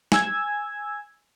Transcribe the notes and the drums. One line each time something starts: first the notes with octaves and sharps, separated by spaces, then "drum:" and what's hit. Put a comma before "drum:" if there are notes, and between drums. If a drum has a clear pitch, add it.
G#5 E6 G#6, drum: snare